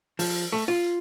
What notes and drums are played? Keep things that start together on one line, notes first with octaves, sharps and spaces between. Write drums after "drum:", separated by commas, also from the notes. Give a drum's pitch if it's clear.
F3, drum: open hi-hat
A3
F4